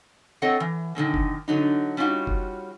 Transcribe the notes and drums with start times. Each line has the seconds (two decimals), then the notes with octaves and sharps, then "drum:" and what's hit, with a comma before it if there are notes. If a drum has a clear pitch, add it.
0.42 C4 A4 C#5 D#5 F#5
0.60 E3
0.95 F#2 A#2 D3 D#3
1.14 drum: kick F#1
1.48 D3 F#3 D#4
1.97 G3 C#4 D#4 F4 F#4
2.27 drum: kick F#1